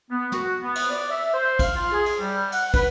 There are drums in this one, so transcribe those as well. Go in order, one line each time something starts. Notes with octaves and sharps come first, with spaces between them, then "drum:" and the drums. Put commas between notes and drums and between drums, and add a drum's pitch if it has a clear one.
B3
F#4, drum: snare
B3
drum: cymbal
D5
E5
C5
F5, drum: kick, cymbal
F4
G#4
drum: cymbal
G3
F#5, drum: cymbal
B4, drum: kick, cymbal